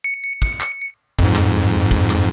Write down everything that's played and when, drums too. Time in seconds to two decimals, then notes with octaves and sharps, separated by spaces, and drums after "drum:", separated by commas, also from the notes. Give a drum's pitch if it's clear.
0.04 C#7
0.42 drum: kick
0.60 drum: clap
1.19 F2 G#2, drum: kick
1.35 drum: clap
1.91 drum: kick
2.10 drum: clap